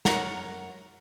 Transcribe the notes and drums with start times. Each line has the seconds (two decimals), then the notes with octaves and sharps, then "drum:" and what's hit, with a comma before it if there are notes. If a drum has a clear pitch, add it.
0.05 F#2 A#4 C#5 F#5 A#5, drum: snare